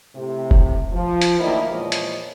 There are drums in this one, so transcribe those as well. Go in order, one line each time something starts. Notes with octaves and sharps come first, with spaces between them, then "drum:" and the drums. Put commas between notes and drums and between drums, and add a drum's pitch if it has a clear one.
A2 C3
drum: kick F1
F3
drum: hi-hat
D2 D#3 A#3 E4 D5 D#5
E2 A#2 F3 G#3 C#5 D#5
drum: hi-hat